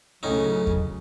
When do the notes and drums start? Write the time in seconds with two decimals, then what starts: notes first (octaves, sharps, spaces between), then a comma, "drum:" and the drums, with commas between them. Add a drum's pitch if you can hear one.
0.23 C#2 A2 C#3 F#3 C#4 D#4
0.67 drum: kick E2